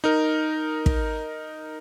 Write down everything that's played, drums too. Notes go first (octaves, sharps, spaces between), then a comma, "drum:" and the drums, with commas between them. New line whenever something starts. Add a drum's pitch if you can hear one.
D#4 A#4
drum: kick